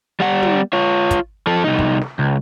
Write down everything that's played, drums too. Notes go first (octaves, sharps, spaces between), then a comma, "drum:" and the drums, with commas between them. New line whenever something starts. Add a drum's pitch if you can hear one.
G3 F#5, drum: snare
drum: tom
F4 C#5
drum: kick, hi-hat
F3 A4
C2 D#4
drum: kick
drum: snare
C#2